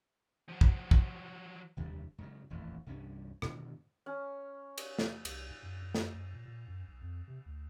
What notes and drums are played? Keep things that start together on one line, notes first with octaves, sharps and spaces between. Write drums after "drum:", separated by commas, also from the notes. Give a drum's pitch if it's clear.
F3 F#3
drum: kick
drum: kick
F1 D#2 D3 G3
G#2 C#3 F#3
D#1 A1 F2
C2 G2 G3 C#4
G#2 B2 D3 D#3, drum: rim click
C#4
drum: cymbal
drum: snare
C2, drum: cymbal
G#2
F#2
F#2
drum: snare
F#2
A#2
A#2
F#2
B1
F2
C3
D2